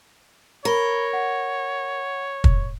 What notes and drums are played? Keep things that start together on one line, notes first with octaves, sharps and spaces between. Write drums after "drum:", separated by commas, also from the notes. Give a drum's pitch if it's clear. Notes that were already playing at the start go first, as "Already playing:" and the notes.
A#4 C#5 A#5 B5 G7
F#5
drum: kick